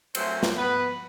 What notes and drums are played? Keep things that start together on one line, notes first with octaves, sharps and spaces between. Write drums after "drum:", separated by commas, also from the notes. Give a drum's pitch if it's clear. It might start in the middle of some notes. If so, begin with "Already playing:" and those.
A#2 F#3 A3 C4 C#4 C5, drum: cymbal
drum: snare
B3 B4